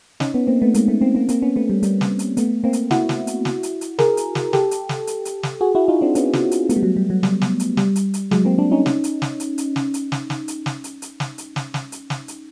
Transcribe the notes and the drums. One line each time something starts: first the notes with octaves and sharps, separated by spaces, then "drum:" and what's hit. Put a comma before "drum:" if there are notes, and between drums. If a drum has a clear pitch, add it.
C#4 D#4, drum: snare
B3 C#4
A#3 C4
A3 B3
G#3 A#3, drum: hi-hat
A3 B3
A#3 C4
A#3 C4
A#3 C4, drum: hi-hat
B3 C#4
A3 B3
G3
G3, drum: hi-hat
drum: snare
drum: hi-hat
A3 B3, drum: hi-hat
A#3 C4
drum: hi-hat
E4 F#4, drum: snare
drum: snare
drum: hi-hat
drum: snare
drum: hi-hat
drum: hi-hat
G#4 A#4, drum: snare
drum: hi-hat
drum: snare
G4 A4, drum: snare
drum: hi-hat
drum: snare
drum: hi-hat
drum: hi-hat
drum: snare
F#4 G#4
E4 F#4
D#4 F4
C4 D4
B3 C#4, drum: hi-hat
drum: snare
drum: hi-hat
A3 B3, drum: hi-hat
G3
F#3
G3
F#3
G3, drum: snare
drum: snare
drum: hi-hat
G3, drum: snare
drum: hi-hat
drum: hi-hat
F#3 G#3, drum: snare
A#3 C4
C4 D4
C#4 D#4
C#4 D#4, drum: snare
drum: hi-hat
drum: snare
drum: hi-hat
drum: hi-hat
drum: snare
drum: hi-hat
drum: snare
drum: snare
drum: hi-hat
drum: snare
drum: hi-hat
drum: hi-hat
drum: snare
drum: hi-hat
drum: snare
drum: snare
drum: hi-hat
drum: snare
drum: hi-hat